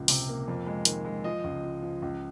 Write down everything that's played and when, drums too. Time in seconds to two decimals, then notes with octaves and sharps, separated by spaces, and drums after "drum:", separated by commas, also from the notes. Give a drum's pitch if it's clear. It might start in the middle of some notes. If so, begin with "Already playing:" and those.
Already playing: C#2 A#2 F3
0.08 C3, drum: open hi-hat
0.28 A#3
0.48 F2
0.67 G#3
0.85 D#3, drum: hi-hat
1.05 G#3
1.24 F3 D#5
1.44 C#2
1.64 F3
1.82 F3
2.02 C#2